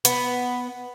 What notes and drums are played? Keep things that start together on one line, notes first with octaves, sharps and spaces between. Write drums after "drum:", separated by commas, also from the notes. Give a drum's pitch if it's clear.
B3, drum: hi-hat